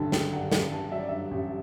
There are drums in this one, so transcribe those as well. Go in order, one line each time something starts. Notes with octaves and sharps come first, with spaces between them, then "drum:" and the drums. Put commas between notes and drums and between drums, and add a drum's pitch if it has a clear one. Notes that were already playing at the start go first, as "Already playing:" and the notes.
Already playing: A1 G2 D3 F#3 G5 A5
F#3 G5, drum: snare
G2 F#5
A1 G5, drum: snare
D3 A5
F#3 E5
D5
G2 E5
A1